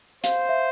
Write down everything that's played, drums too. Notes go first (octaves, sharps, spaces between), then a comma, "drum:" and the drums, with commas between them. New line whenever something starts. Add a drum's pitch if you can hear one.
C5 F5, drum: hi-hat
E5